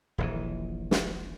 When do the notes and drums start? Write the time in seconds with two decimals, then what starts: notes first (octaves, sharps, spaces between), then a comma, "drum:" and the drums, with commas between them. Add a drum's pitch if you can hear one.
0.18 D#1 A#1 E3
0.91 drum: snare